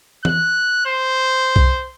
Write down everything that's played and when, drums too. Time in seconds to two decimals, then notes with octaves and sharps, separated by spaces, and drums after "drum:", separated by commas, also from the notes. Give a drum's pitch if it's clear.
0.25 F#6, drum: tom E3
0.86 C5
1.56 drum: kick B1